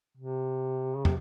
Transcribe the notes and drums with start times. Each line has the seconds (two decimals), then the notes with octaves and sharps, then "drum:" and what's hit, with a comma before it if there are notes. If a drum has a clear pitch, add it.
0.17 C3
0.95 C#3
1.05 C3, drum: tom